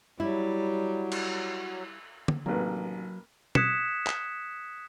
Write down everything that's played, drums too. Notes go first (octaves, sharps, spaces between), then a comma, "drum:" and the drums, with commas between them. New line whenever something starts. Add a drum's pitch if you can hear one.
F#3 G3 E4
drum: cymbal
drum: tom
A1 C3 D#3 F#3 A#3 B4
D#6 F#6 G#6 B6 C#7 E7, drum: tom
drum: clap